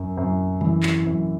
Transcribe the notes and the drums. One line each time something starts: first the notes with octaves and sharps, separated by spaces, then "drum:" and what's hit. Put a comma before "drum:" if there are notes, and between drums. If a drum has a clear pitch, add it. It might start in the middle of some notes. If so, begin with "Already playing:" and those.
Already playing: F#2
F#2
E3, drum: tom F#3
drum: clap
F#2